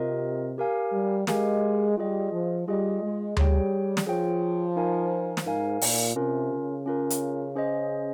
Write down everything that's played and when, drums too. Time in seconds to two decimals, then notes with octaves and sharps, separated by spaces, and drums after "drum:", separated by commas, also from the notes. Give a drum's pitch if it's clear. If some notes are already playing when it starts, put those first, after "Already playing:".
Already playing: C3 C4 F4 A#4 D#5
0.58 G4 A#4 F5 G#5
0.92 G3
1.27 G#3 G4 A#4 F5 G#5, drum: snare
1.97 G3 F4 G#4 D#5
2.32 F3
2.68 G3 F4 G#4 D#5
3.02 G#3
3.37 G3 G#4 C#5 G5, drum: tom D2
3.97 drum: snare
4.06 F3 G#4 C#5 G5
4.76 D#4 A#4 F5 G#5
5.37 drum: snare
5.46 G#2 D#4 A#4 F5 G#5
5.81 A#2, drum: open hi-hat
6.16 C3 C#4 F4 A#4
6.51 C#3
6.86 C#4 F4 A#4
7.10 drum: hi-hat
7.55 C#4 G#4 C5 D#5